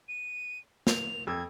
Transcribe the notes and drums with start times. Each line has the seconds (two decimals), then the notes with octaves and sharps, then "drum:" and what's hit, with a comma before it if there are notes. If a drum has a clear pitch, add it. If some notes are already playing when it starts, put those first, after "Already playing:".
0.08 D#7
0.87 F7, drum: snare
1.27 F2 E6 G#6